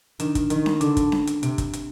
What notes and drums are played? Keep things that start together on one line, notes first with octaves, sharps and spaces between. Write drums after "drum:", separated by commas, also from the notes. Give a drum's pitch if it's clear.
D#3 D4, drum: hi-hat
drum: kick, hi-hat
D#3, drum: hi-hat
drum: snare C#4
D3 D4, drum: hi-hat
drum: kick, hi-hat
drum: snare C#4
drum: hi-hat
C3 C4, drum: hi-hat
drum: kick, hi-hat
drum: hi-hat